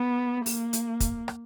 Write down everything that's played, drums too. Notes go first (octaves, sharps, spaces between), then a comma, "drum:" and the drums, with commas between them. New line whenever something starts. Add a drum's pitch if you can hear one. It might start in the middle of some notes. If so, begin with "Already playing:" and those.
Already playing: B3
A#3, drum: open hi-hat
drum: hi-hat
drum: kick, hi-hat
drum: rim click